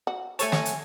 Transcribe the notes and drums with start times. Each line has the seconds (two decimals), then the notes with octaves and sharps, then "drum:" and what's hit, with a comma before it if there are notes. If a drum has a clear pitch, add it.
0.07 F#4
0.39 A3 A4 C#5 G#5 A5, drum: hi-hat
0.52 drum: snare
0.65 drum: hi-hat